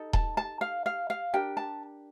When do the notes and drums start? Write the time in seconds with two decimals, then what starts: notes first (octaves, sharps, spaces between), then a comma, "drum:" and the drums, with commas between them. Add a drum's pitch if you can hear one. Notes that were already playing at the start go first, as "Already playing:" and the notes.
Already playing: D#4 A4
0.13 A5, drum: kick D#1
0.37 A5
0.61 F5
0.86 F5
1.10 F5
1.33 D4 G4 A#4 G5
1.57 A5